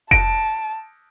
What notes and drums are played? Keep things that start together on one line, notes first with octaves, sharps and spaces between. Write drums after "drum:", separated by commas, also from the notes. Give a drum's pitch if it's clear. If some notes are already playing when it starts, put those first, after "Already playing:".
A5 D7, drum: kick F1